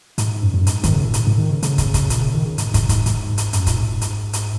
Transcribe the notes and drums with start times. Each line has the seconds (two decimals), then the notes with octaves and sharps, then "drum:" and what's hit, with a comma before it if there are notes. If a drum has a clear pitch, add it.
0.18 G#2, drum: hi-hat
0.42 F#2
0.54 F#2
0.67 G#2, drum: hi-hat
0.83 D#3, drum: kick, hi-hat
0.94 C#3
1.05 A#2
1.14 G#2, drum: hi-hat
1.27 G#2
1.38 D#3
1.51 C#3
1.63 C#3, drum: hi-hat
1.78 drum: kick, hi-hat
1.94 drum: kick, hi-hat
2.10 A#2, drum: hi-hat
2.22 C#3
2.34 D#3
2.45 C#3
2.58 G#2, drum: hi-hat
2.74 G#2, drum: kick, hi-hat
2.89 G#2, drum: kick, hi-hat
3.06 G#2, drum: hi-hat
3.38 drum: hi-hat
3.53 F#2, drum: hi-hat
3.67 A#2, drum: kick, hi-hat
3.77 G#2
4.01 drum: hi-hat
4.33 drum: hi-hat